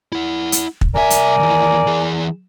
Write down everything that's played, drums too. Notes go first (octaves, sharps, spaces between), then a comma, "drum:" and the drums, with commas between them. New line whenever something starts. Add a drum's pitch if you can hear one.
E4 F#5
drum: hi-hat
drum: kick
C2 A#4 D5 E5 G#5
drum: hi-hat
D#2 E3
E3 G#4